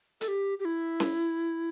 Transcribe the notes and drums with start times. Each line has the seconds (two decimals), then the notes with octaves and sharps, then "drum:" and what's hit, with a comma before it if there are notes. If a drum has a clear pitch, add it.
0.21 A4, drum: hi-hat
0.28 G4
0.59 G4
0.65 E4
1.00 drum: snare C#4